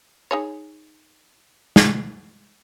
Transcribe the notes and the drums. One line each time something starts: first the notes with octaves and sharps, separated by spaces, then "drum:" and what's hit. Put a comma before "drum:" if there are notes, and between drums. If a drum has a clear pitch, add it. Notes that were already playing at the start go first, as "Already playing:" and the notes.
D#4 G#4 C#5
drum: snare